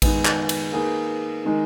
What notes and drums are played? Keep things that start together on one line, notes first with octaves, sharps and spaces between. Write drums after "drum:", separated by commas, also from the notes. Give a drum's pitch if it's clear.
D#3 G#3 B3, drum: kick A1, cymbal
drum: clap
drum: cymbal
A#3 D#4 G#4 B4
D#3 G#3 D#4 A#4